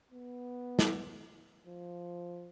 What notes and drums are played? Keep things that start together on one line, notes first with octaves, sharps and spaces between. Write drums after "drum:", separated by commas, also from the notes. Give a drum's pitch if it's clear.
B3
drum: snare
F3